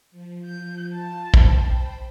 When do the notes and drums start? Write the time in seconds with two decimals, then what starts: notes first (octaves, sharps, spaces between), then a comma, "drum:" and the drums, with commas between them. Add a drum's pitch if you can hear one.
0.12 F3
0.45 G6
0.94 F4 A5
1.34 C5 G5 B5, drum: kick